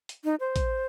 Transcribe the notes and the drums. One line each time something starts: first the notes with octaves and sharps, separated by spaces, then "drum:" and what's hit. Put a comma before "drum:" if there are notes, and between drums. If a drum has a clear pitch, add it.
drum: hi-hat
D#4
C5
drum: kick, hi-hat